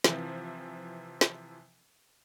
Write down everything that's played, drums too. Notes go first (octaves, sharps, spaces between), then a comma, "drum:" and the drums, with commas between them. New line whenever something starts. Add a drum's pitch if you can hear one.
C3 E3 F3, drum: snare
drum: snare